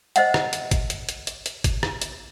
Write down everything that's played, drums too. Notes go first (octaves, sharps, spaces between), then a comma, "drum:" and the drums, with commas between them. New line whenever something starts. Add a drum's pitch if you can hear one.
C5 D#5 E5 F#5, drum: hi-hat
drum: rim click
drum: hi-hat
drum: kick, hi-hat
drum: hi-hat
drum: hi-hat
drum: hi-hat
drum: hi-hat
drum: kick, hi-hat
drum: rim click
drum: hi-hat